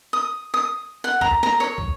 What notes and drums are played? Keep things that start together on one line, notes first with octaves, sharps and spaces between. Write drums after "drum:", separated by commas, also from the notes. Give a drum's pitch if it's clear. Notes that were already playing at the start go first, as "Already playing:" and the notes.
D#6
D#6
F#5
A#5, drum: kick
A#5, drum: snare
C#5
drum: kick